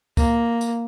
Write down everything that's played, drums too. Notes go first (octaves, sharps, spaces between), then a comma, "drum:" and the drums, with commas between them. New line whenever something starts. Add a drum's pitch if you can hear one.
A#3, drum: kick C#2, tambourine
drum: tambourine